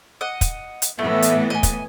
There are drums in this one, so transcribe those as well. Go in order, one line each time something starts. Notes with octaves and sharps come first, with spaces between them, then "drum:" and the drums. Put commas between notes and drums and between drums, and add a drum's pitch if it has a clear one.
D#5 F#5
drum: kick, hi-hat
drum: hi-hat
A2 E3 A3 B3
drum: hi-hat
D#5 G#5
drum: kick, hi-hat